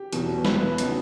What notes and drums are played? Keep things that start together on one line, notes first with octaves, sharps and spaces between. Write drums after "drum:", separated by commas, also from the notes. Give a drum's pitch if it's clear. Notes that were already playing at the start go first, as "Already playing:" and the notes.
Already playing: G4
E2 B2 F#3, drum: hi-hat
B4, drum: snare
C#3 F#3 B3 D#4, drum: hi-hat